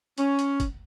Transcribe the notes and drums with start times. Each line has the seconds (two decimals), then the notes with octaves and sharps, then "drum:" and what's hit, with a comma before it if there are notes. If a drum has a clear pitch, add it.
0.18 C#4, drum: hi-hat
0.39 drum: hi-hat
0.60 drum: kick, hi-hat